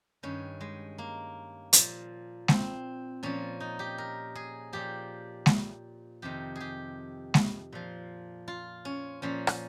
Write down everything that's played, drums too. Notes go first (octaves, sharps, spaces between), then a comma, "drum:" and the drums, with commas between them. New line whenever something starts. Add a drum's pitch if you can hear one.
G2 D#3 C#4
G#3
A#3
A#2 F3, drum: hi-hat
C4, drum: snare G#3
A#2 F3 C#4
D#4
G4
A#4
G#4
A#2 F3 G4
drum: snare G#3
F2 C3 D#3 G4
G4 G#4
drum: snare G#3
A#2 F3
F4
C#4
A#2 F3 C#4
drum: rim click